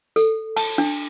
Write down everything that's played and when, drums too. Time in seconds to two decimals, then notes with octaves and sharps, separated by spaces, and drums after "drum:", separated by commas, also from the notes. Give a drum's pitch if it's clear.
0.16 A4, drum: tambourine
0.56 A5, drum: cymbal
0.78 D4